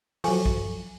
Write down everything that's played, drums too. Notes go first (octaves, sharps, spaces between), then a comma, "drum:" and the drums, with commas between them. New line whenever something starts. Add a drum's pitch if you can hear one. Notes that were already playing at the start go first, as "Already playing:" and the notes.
F3 F#3 A4 G#5 C#6, drum: open hi-hat
drum: kick